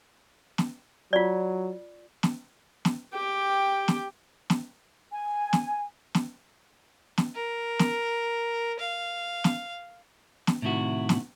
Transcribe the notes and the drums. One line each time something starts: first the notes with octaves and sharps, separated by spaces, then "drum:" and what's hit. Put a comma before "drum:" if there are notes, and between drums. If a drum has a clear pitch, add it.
drum: snare
F#3 F4 D5
drum: snare
drum: snare
G4 G5
drum: snare
drum: snare
G#5
drum: snare
drum: snare
drum: snare
A#4
drum: snare
F5
drum: snare
drum: snare
A2 C3 D#3 E4 F#4
drum: snare